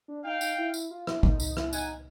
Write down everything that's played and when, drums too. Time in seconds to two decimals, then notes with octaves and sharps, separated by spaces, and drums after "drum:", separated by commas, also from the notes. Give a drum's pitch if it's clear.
0.08 D4
0.25 D#4 F5 G5
0.41 D#4, drum: tambourine
0.58 E4
0.74 E4, drum: tambourine
0.91 F4
1.07 E4, drum: rim click
1.23 D#4, drum: kick
1.40 D#4, drum: tambourine
1.57 E4, drum: rim click
1.73 D#4 F#5 G#5, drum: tambourine